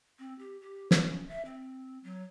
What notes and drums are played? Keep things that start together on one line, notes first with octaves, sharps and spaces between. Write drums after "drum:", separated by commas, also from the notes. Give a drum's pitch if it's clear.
C4
G4
G4
B4, drum: snare
C#4
E5
C4
F#3